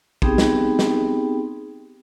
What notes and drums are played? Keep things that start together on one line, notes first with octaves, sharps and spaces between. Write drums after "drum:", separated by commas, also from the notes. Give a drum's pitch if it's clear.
B3 C4 D#4 G4 G#4 G5, drum: kick
drum: snare
drum: snare